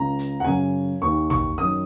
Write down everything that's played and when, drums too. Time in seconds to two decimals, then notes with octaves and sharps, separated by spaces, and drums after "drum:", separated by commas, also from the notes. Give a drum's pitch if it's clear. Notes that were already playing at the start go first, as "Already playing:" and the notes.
Already playing: C#2 C#3 A#5
0.19 drum: hi-hat
0.40 F#5
0.45 F#2 C#3 G#5
1.01 D#2 D#3 C#6
1.30 C#6, drum: tom A1
1.58 F#2 D#3 D#6